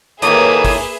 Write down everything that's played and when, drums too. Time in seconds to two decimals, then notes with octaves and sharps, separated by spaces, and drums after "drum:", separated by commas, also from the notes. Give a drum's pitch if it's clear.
0.22 A2 D#3 A#3 G#4 B4 E5 D#6, drum: hi-hat
0.65 drum: kick, open hi-hat